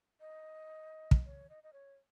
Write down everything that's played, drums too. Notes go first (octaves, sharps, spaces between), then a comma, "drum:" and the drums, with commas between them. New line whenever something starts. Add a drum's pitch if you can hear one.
D#5
drum: kick
C#5
D#5
D#5
C#5